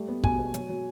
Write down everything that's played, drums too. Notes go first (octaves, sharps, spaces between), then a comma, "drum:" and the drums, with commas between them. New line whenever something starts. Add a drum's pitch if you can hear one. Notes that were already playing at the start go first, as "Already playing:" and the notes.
Already playing: G3 A3
B3
B2 G#5, drum: kick
B3
F#3, drum: hi-hat
F#3